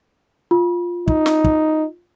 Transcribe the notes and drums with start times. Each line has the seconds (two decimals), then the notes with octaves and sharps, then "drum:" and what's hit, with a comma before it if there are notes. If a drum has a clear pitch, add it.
0.51 F4
1.08 D#4, drum: kick
1.26 drum: snare
1.44 drum: kick